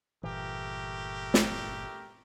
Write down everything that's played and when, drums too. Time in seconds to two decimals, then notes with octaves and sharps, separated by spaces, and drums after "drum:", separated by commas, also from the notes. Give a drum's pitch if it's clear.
0.23 G1 A#2 E3 A3 G4 A#4
1.34 drum: snare